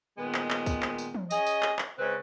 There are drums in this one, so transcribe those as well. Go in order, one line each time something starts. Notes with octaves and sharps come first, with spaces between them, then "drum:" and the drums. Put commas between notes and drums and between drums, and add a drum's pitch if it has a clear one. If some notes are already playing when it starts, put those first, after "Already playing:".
A#2 D#3 G#3 B3
drum: clap
drum: clap
drum: kick, tambourine
drum: clap
drum: tambourine
drum: tom
C#4 G#4 D#5, drum: tambourine
drum: tambourine
drum: clap
drum: clap
C#3 G#3 C4 B4